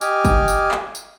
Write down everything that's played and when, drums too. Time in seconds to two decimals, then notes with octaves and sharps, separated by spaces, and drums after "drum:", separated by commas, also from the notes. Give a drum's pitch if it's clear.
0.01 G4 D#5 G#5 D6 F6, drum: tambourine
0.25 drum: kick, tambourine
0.48 drum: tambourine
0.71 drum: clap
0.95 drum: tambourine